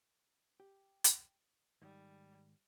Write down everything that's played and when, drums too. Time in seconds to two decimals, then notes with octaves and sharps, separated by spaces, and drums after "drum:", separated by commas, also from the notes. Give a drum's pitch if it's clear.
0.60 G4
1.04 drum: hi-hat
1.82 G#2 D#3 G3